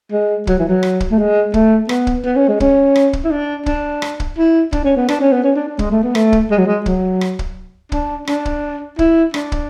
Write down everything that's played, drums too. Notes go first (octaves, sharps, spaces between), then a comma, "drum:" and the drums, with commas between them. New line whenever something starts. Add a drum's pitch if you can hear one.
G#3
F#3, drum: kick
E3
F#3
drum: rim click
drum: kick
A3
G#3
A3, drum: kick
B3, drum: rim click
drum: kick
B3
C#4
G#3
C#4, drum: kick
drum: rim click
drum: kick
E4
D4
D4, drum: kick
drum: rim click
drum: kick
E4
D4, drum: kick
C#4
B3
D4, drum: rim click
C#4
B3
C#4
D4
D4
G#3, drum: kick
A3
B3
A3, drum: rim click
drum: kick
G#3
F#3
G#3
F#3, drum: kick
drum: rim click
drum: kick
D4, drum: kick
D4, drum: rim click
drum: kick
E4, drum: kick
D4, drum: rim click
drum: kick